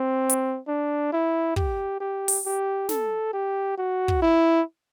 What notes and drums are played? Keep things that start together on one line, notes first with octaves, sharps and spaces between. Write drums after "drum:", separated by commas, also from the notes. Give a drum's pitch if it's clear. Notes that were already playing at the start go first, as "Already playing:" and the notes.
Already playing: C4
drum: hi-hat
D4
E4
G4, drum: kick
G4
drum: open hi-hat
G4
A4, drum: snare
G4
F#4
drum: kick
E4